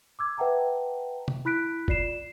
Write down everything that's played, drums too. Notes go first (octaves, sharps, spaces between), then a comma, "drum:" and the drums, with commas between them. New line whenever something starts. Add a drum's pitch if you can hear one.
D6 E6 G#6
B4 E5 F#5 G5 A5 A#5
drum: tom
E4 B5 F#6 B6 D7
F4 D5 C7 E7, drum: kick F#1